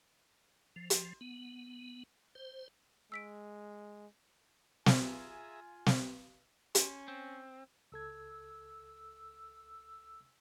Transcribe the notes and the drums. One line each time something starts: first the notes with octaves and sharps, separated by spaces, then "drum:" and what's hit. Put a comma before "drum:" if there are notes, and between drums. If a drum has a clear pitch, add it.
F3
drum: hi-hat
B3
C5
G#3 E6 B6 D7
F4 G#4 E5 G#5 A#5, drum: snare
drum: snare
C#4, drum: hi-hat
C4
C#2 A4 E6 G#6